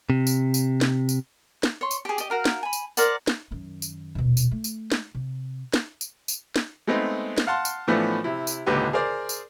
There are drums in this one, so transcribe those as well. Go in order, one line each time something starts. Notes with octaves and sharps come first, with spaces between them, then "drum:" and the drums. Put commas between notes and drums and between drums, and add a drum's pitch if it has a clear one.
C3
drum: tambourine
drum: tambourine
drum: snare
drum: tambourine
drum: snare
C#5 C6
drum: tambourine
G4 G#4
G4 D#5, drum: tambourine
F#4 A#4 F5
drum: snare
G#5 B5
drum: tambourine
A#4 C5 D5 F#5, drum: tambourine
drum: snare
F#2 D#3
drum: tambourine
D#1 B2
drum: tambourine
A3
drum: tambourine
drum: snare
C3
drum: snare
drum: tambourine
drum: tambourine
drum: snare
G#3 A3 B3 C4 D#4 G#4
drum: snare
F5 F#5 A5 C6
drum: tambourine
A2 E3 F3 A3 B3 D4
C3 E4
drum: tambourine
G#1 C#2 A#2 D3 G4 B4
G#4 A#4 C5 D5
drum: tambourine